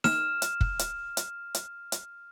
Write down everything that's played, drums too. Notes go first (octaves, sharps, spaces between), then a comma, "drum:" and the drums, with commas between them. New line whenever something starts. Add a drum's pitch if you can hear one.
F6 E7, drum: snare D#4
drum: hi-hat
drum: kick
drum: hi-hat
drum: hi-hat
drum: hi-hat
drum: hi-hat